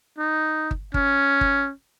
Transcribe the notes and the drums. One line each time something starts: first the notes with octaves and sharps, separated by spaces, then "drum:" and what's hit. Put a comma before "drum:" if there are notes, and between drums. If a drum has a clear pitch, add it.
D#4
drum: kick G1
C#4, drum: kick G1
drum: kick G1